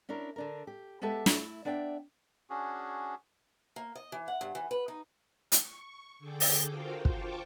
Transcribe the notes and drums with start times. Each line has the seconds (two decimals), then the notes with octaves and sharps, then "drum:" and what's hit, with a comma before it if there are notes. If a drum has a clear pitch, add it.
0.09 C#4 D4 E4 A#4
0.36 D3 D4 A#4
0.67 G4
1.02 G#3 B3 G4 A4 E5 A5
1.26 A3 E4, drum: snare
1.65 B3 D4 D5 E5 G5
2.50 C#4 D4 F#4 G#4
3.76 A#3
3.95 D#5
4.12 E3
4.28 F#5
4.41 G2
4.55 E3
4.71 B4
4.88 D#4
5.52 C#6, drum: hi-hat
6.19 D3 G#4 A4 G5 D6
6.40 drum: open hi-hat
6.66 F4 F#4 A#4 C5 F5 G5
7.05 F4 C5 G5 A5 C#6 D6, drum: kick